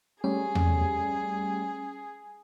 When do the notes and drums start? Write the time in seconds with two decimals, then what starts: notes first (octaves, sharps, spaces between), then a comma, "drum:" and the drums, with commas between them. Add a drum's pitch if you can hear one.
0.24 G3 A3 C#4 G#4
0.55 drum: tom E2